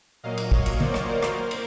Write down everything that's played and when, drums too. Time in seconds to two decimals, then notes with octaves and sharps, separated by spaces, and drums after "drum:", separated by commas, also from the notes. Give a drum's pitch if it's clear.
0.23 A#2 F#3 A#3 D#5 F5
0.37 drum: cymbal
0.52 C#5 D#5, drum: kick
0.66 drum: cymbal
0.80 C5 D5, drum: tom D3
0.94 drum: rim click
1.08 A#4 C5
1.23 drum: rim click
1.37 A#3
1.51 drum: cymbal